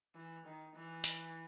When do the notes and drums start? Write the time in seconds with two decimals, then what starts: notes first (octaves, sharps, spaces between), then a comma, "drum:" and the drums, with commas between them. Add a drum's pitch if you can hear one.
0.15 E3
0.45 D#3
0.76 E3
1.04 drum: hi-hat